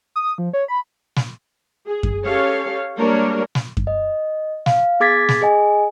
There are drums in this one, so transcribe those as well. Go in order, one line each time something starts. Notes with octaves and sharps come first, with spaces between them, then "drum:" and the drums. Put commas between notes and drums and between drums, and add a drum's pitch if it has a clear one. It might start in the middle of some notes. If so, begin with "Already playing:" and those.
D#6
F3
C#5
B5
drum: snare
G#4
drum: kick F#2
C#4 G4 A4 C#5 F5
G3 G#3 A#3 D4 A#4 C#5
drum: snare
drum: kick F#2
D#5
F5, drum: snare
B3 G#4 D6 G#6 A6 B6
drum: snare
G#4 D#5 G#5